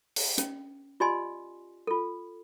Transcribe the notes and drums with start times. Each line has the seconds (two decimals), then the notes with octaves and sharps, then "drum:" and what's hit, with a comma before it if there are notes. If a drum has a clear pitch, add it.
0.16 drum: open hi-hat
0.38 C#4, drum: hi-hat
1.00 F4 G4 D5 D#5 G#5 C6
1.87 F4 A4